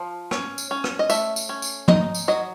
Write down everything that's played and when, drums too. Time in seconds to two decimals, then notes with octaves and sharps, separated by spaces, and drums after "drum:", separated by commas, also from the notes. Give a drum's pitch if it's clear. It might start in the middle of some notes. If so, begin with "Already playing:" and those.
Already playing: F3
0.31 C#4, drum: rim click
0.58 drum: tambourine
0.71 C#4
0.84 drum: rim click
0.99 D#5
1.10 A3 E5, drum: tambourine
1.36 drum: tambourine
1.49 C#4
1.62 drum: tambourine
1.88 D#4 D#5, drum: tom
2.15 drum: tambourine
2.28 F#3 D#5